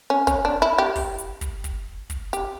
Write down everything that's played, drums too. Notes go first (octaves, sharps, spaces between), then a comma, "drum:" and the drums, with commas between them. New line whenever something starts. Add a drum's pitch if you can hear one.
C#4
C#4, drum: kick, hi-hat
D4
E4
G4
drum: kick, open hi-hat
drum: hi-hat
drum: kick, hi-hat
drum: kick, hi-hat
drum: kick, hi-hat
G4, drum: hi-hat